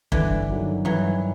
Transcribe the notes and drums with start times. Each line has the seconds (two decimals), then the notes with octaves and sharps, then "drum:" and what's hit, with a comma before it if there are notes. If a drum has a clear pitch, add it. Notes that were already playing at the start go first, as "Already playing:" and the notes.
0.12 G2 D3 E3, drum: kick
0.48 D#3 F#3
0.85 G2 E3 F#3